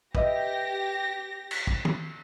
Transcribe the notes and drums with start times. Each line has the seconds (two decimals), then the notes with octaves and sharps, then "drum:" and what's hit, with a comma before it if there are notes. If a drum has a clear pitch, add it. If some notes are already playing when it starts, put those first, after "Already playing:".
0.15 G4 B4 D#5 E5 A#6, drum: kick
1.51 drum: cymbal
1.67 drum: kick
1.85 drum: tom